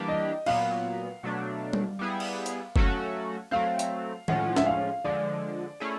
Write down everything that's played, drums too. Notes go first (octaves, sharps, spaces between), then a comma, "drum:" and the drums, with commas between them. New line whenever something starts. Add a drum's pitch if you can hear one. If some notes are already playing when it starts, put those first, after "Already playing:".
Already playing: E3 G3 A#3 D4 G4
D#5
A#2 F#3 B3 F5, drum: cymbal
B2 F#3 A3 D4
drum: tom G3
G3 B3 E4 G#4
drum: cymbal
drum: hi-hat
F#3 A3 C#4 F#4 A4, drum: kick
F#3 A3 C4 F5
drum: hi-hat
A2 F3 G#3 C#4 F4 F#5, drum: tom D#3
E5, drum: snare
F5
D3 F3 G#3 D5
A3 C#4 E4 G#4